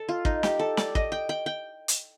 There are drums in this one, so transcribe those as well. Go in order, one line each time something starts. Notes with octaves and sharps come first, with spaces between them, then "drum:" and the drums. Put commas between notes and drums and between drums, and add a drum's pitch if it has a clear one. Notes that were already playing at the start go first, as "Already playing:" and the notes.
Already playing: A4
F4
D#4, drum: kick
G4, drum: snare
A4
D5, drum: snare
D#5, drum: kick
G5
G5
G5
drum: hi-hat